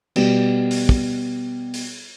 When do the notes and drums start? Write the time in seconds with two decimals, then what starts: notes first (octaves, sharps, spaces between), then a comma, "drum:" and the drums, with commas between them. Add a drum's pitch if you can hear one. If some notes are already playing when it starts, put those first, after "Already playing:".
0.16 B2 G3 B3, drum: cymbal
0.71 drum: open hi-hat
0.89 drum: kick
1.74 drum: open hi-hat